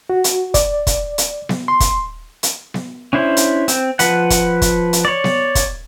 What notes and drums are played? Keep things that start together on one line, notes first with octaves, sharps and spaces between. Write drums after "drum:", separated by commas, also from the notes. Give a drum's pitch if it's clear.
F#4
drum: hi-hat
D5, drum: kick, hi-hat
drum: kick, hi-hat
drum: hi-hat
drum: snare B3
C6
drum: kick, hi-hat
drum: hi-hat
drum: snare B3
C#4 D4 E4 C5
drum: hi-hat
C4, drum: hi-hat
F3 B4 F#5, drum: hi-hat
drum: kick, hi-hat
drum: kick, hi-hat
drum: hi-hat
C#5 D5
drum: snare B3
drum: kick, hi-hat